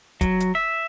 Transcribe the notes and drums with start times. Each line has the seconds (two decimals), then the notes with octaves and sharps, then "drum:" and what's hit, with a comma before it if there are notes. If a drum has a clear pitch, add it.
0.21 F#3, drum: kick, hi-hat
0.40 drum: hi-hat
0.55 E5